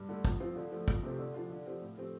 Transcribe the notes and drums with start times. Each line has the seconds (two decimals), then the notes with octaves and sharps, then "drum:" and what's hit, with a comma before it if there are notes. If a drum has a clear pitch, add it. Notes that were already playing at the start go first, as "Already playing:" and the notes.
Already playing: G2
0.09 D3 A3
0.25 F2, drum: kick
0.40 F3 C4 F4
0.56 D3
0.72 F3 A3
0.88 F2, drum: kick
1.03 C3 A3 C4 G4
1.19 D3
1.34 F3 D4 F4
1.50 D3
1.66 F3 C4 G4
1.81 A2
1.97 F3 A3 C4 G4